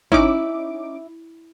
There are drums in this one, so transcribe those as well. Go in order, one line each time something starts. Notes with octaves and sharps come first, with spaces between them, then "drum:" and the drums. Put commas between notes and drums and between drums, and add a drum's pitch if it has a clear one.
C#4 D#4 E4 D6, drum: kick G#1